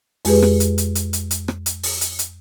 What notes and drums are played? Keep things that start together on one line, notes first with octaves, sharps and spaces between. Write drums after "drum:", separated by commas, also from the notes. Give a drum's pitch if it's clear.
F2 G#3 G4 G#4 B4, drum: open hi-hat
drum: rim click
drum: hi-hat
drum: hi-hat
drum: hi-hat
drum: hi-hat
drum: hi-hat
drum: rim click
drum: hi-hat
drum: open hi-hat
drum: hi-hat
drum: hi-hat